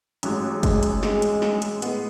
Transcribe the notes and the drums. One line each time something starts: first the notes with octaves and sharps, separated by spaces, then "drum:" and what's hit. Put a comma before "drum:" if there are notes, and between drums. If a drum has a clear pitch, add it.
A1 G#2 F#3, drum: hi-hat
G#3, drum: kick, hi-hat
drum: hi-hat
G#3, drum: snare
drum: hi-hat
drum: snare
drum: hi-hat
A2 G#3 B3, drum: hi-hat